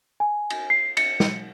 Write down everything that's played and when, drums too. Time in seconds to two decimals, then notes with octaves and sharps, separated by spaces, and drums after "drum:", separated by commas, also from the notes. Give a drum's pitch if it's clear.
0.20 G#5
0.50 drum: cymbal
0.70 C7
0.97 C#7, drum: cymbal
1.20 drum: snare